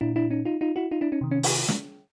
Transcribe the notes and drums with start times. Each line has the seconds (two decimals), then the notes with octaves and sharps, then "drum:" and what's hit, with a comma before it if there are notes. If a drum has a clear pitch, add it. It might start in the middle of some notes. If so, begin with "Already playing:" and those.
0.01 A#2 D4 E4
0.16 D4 E4
0.30 C#4 D#4
0.45 D#4 F4
0.61 D#4 F4
0.76 E4 F#4
0.91 D#4 F4
1.01 D4 E4
1.12 C#4 D#4
1.21 C3 D#3
1.31 C#4
1.43 drum: open hi-hat
1.68 drum: snare